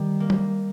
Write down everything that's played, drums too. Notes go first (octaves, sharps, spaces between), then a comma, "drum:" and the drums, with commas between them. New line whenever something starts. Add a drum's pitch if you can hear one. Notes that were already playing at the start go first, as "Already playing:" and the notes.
Already playing: D#3 G3
A#3
drum: tom F#3